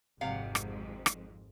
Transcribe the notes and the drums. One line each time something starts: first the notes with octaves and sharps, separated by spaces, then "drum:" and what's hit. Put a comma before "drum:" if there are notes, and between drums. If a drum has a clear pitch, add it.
G#1 F2 G#2 C3 F5 F#5
drum: rim click
drum: rim click